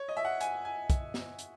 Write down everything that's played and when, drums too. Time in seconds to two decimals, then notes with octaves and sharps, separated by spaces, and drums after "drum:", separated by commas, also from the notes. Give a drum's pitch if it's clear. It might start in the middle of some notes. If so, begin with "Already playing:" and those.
Already playing: C#5
0.08 D#5
0.17 E5
0.25 F#5
0.40 G#5, drum: hi-hat
0.65 G#5
0.90 drum: kick, hi-hat
1.14 drum: snare
1.39 drum: hi-hat